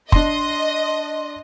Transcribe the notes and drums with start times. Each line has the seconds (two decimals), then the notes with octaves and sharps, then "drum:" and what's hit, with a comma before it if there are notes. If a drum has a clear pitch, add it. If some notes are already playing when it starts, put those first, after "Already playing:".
0.12 D4 D#5 C6, drum: kick